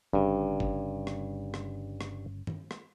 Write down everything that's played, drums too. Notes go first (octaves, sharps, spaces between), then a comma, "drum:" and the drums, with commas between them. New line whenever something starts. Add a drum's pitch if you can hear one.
G1 G2 C#3
drum: kick
drum: rim click
drum: rim click
drum: rim click
drum: tom
drum: rim click